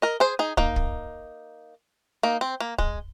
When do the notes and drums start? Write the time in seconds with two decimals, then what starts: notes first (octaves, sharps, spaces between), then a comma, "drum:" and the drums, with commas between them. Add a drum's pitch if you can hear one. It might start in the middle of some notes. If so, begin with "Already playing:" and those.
0.02 A#4 D#5
0.20 G#4 C5
0.39 D#4 G#4
0.57 A#3 D#4, drum: kick
0.76 drum: kick
2.23 A#3 D#4
2.41 C4
2.60 A#3
2.78 G#3, drum: kick